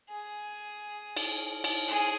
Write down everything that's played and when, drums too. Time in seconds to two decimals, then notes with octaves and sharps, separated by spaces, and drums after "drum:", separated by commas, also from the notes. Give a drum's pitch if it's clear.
0.09 G#4
1.17 drum: cymbal
1.64 drum: cymbal
1.88 G#4